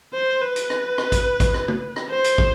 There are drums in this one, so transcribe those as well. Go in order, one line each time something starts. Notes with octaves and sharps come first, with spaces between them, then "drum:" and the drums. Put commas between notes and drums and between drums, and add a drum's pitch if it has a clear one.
C5
B4
drum: hi-hat
drum: rim click
drum: rim click
drum: kick, hi-hat
drum: kick, hi-hat
drum: rim click
drum: tom
drum: rim click
C5
drum: hi-hat
drum: kick